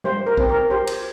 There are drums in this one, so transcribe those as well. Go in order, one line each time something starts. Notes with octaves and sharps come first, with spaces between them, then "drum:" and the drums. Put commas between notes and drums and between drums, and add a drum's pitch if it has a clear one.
G3 C5
A#4
C4, drum: kick
A#4
G4 C5
drum: cymbal